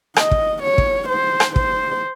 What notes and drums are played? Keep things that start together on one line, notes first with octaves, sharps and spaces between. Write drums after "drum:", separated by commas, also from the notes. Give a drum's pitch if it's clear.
D#5, drum: rim click
drum: kick
C#5
drum: kick
C5
drum: rim click
C5, drum: kick